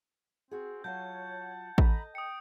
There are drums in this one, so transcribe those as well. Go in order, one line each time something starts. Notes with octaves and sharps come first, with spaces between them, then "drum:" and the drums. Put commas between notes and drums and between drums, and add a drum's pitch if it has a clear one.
C4 F#4 G#4
F#3 F4 C#5 F5 F#5 A5 G6
A4 D#5 A#5 B5, drum: kick A1
G5 D#6 C#7